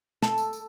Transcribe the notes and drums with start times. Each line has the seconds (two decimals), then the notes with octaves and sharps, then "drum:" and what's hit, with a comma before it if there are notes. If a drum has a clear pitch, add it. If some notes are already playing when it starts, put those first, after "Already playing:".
0.22 A4, drum: snare
0.38 drum: tambourine
0.53 drum: tambourine